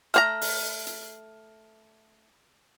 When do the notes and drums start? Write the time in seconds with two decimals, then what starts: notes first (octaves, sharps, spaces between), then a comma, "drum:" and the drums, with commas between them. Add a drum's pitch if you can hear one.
0.14 A3 C5 A#5 F6, drum: hi-hat
0.41 drum: open hi-hat
0.87 drum: hi-hat